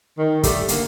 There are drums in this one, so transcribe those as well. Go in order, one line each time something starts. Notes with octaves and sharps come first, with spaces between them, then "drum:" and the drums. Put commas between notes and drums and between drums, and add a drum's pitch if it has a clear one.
D#3
G3 A3, drum: kick, hi-hat
D3 A#3, drum: hi-hat